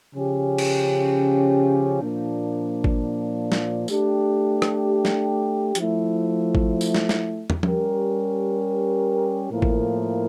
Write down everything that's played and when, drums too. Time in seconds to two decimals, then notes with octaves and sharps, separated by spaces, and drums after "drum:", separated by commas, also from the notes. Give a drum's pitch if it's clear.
0.13 C#3 F3 C#4 G4
0.58 drum: cymbal
2.01 A#2 F3 A#3 D4
2.84 drum: kick G#1
3.52 drum: snare
3.88 A3 D4 G4, drum: tambourine
4.62 drum: rim click
5.05 drum: snare
5.75 F3 A3 E4, drum: hi-hat
6.55 drum: kick G#1
6.81 drum: tambourine
6.95 drum: snare
7.09 drum: snare
7.50 drum: tom
7.63 G3 C#4 G4 A#4, drum: tom F3
9.50 A2 F3 A#3 E4 A#4
9.62 drum: kick G#1